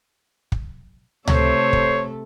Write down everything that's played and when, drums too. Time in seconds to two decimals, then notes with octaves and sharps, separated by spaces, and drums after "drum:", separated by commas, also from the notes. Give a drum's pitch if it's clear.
0.52 drum: kick
1.28 C3 A3 A4 C5 C#5, drum: tom C#2
1.73 drum: kick